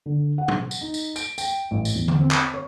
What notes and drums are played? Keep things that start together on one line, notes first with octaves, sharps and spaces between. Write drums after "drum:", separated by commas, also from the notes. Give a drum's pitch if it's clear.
D3
F#5
drum: tom
drum: tambourine
D#4
drum: tambourine
D7, drum: tambourine
G5, drum: tambourine
A1
drum: tambourine
E2
drum: tom D3
C4
drum: clap
C#5